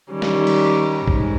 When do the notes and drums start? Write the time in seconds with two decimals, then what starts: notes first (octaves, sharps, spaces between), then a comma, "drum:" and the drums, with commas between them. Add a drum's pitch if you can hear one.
0.11 D#3 G3 C#4
0.22 drum: snare
0.47 drum: cymbal
1.07 G#2, drum: kick B1